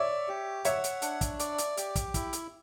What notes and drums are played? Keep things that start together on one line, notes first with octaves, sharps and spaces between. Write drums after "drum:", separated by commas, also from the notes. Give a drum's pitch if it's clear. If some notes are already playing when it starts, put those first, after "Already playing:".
Already playing: C#5 D5 E5
G4
C#5 E5 F#5, drum: hi-hat
drum: hi-hat
D4, drum: hi-hat
drum: kick, hi-hat
D5, drum: hi-hat
drum: hi-hat
G4, drum: hi-hat
drum: kick, hi-hat
E4, drum: kick, hi-hat
drum: hi-hat